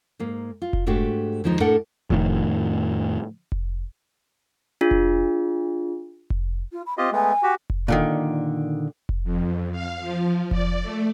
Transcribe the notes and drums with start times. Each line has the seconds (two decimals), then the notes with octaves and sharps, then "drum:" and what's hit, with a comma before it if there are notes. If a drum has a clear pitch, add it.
0.20 G#2 A#3
0.62 F4
0.73 drum: kick F1
0.87 G#2 A3 D4 F#4 G4
1.44 D#2 D3 F3 G#3 D#4
1.60 A2 A3 D4 A4 A#4 F#5
2.10 F2 A2 D#3, drum: kick F1
3.52 drum: kick F1
4.81 D4 F4 G#4
4.91 drum: kick F1
6.30 drum: kick F1
6.72 F4
6.86 B5
6.98 C4 F4 G4 D#5
7.12 G#3 A3 B3 G#5
7.43 F#4 G4
7.70 drum: kick F1
7.88 A#2 D3 D#3
9.09 drum: kick F1
9.24 F2
9.72 F5
10.01 F3
10.51 D5, drum: kick F1
10.82 A3